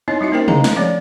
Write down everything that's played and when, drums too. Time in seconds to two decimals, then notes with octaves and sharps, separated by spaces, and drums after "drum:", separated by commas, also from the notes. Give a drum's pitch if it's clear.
0.08 B3 C4 D#4 E4 C#5 D#5
0.21 G3 D#4 F#4 E5
0.32 A#3 C#4 D#4 A#4 C5 G5
0.48 E4 G#4 D#5 F5 A#5, drum: tom C3
0.64 drum: snare
0.76 F3 A3 C4 C#5 D5